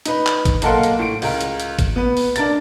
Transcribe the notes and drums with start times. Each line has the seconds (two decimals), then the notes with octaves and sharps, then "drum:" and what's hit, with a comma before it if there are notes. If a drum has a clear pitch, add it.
0.05 D#4 B4 B5, drum: hi-hat
0.26 drum: clap
0.45 drum: kick, hi-hat
0.62 B1 A#3 A4 A#4 F#5 C6, drum: hi-hat
0.83 drum: hi-hat
0.99 A2 D7
1.22 C#2 A#4, drum: open hi-hat
1.41 drum: hi-hat
1.60 drum: hi-hat
1.79 drum: kick, hi-hat
1.96 B3 B4
2.17 drum: open hi-hat
2.36 D4 A#4 A6, drum: hi-hat